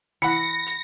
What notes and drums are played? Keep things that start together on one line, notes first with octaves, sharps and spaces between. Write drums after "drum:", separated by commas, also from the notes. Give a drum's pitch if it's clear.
E3 F#5 B5 A#6 C#7, drum: hi-hat
drum: hi-hat